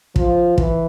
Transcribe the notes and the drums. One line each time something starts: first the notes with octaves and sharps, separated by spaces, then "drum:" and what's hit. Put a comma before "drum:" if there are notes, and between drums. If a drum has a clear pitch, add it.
F3, drum: kick
E3, drum: kick